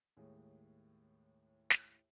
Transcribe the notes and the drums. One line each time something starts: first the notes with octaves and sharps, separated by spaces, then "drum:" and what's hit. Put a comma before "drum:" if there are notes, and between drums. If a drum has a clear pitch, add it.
D#2 A2 G#3
drum: snare